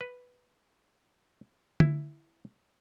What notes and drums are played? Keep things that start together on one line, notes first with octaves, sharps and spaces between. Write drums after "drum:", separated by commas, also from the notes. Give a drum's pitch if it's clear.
B4
E4, drum: tom D3